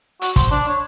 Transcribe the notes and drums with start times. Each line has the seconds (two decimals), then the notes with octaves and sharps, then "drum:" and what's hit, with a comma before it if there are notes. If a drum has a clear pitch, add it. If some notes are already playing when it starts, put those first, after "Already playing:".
0.21 F#4, drum: hi-hat
0.36 C5, drum: kick, hi-hat
0.51 D4
0.68 C#5